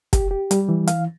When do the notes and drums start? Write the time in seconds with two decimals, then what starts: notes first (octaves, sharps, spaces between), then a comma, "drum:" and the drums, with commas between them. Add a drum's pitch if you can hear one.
0.13 G4, drum: kick, hi-hat
0.31 G4
0.51 G3, drum: hi-hat
0.69 E3
0.87 F5, drum: hi-hat